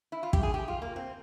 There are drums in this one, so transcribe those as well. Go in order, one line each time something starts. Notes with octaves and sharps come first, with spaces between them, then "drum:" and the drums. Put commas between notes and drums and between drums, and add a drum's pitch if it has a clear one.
E4
F4
G4, drum: kick
G#4
G4
F4
A#3
C4